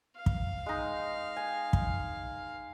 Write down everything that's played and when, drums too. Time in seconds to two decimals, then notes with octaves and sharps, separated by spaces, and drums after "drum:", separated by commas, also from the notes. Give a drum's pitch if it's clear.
0.16 F5
0.26 drum: kick
0.66 G#3 D#4
1.36 G#5
1.73 drum: kick